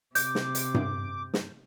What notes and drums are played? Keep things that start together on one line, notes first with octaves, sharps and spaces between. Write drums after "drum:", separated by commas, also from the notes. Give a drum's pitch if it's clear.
C3 D6 G6, drum: hi-hat
drum: snare
drum: hi-hat
drum: tom G2
drum: snare